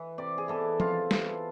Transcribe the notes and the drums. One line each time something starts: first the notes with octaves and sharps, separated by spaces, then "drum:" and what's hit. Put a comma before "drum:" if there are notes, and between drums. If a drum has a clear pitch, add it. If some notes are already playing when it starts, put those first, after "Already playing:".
Already playing: E3
C3 D5
G#4
E3 B3 A4
C3 F4, drum: tom F3
E3 B3, drum: snare